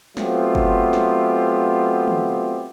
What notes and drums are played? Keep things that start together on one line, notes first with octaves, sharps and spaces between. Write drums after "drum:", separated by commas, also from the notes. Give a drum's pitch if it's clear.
F#3 A3 B3 C4 F4 G4, drum: snare
drum: kick
drum: snare
drum: tom